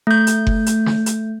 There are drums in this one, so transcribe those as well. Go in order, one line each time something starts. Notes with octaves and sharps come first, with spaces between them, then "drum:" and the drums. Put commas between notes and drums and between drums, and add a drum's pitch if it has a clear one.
A3 G6
drum: hi-hat
drum: kick F#1
drum: hi-hat
drum: snare
drum: hi-hat